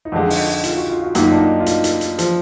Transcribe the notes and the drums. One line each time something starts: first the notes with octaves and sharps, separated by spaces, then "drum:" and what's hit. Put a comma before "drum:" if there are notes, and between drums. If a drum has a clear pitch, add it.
D#4
F2 D3 G#3 D4
D#4, drum: open hi-hat
D#4
F4, drum: hi-hat
F#4
F4
F#4
F#2 D#3 A#3 F4, drum: hi-hat
D#4
D4
D#4
F4
D#4, drum: hi-hat
drum: hi-hat
drum: hi-hat
F3, drum: hi-hat